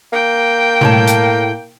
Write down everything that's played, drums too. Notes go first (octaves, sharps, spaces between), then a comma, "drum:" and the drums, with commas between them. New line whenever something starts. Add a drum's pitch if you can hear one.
A#3 G5
A2 C#5 A5, drum: tom B2
drum: hi-hat